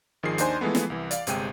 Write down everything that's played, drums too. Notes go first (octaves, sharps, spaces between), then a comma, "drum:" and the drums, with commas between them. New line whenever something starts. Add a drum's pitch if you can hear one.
G#1 D#3 F3 G#4 C7
D#2 D4 D#4 C5 G#5 C6, drum: hi-hat
E3 F3 G#3 A3 B3
drum: snare
C2 E3
D5 F5, drum: hi-hat
G1 C3 G#3 G5 D#7, drum: hi-hat